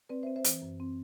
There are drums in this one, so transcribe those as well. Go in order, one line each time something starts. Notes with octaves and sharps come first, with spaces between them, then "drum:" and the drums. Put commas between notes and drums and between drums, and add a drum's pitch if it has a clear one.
C4 B4 D5
C5 E5
C4
C5 E5
E3, drum: hi-hat
F#2
C4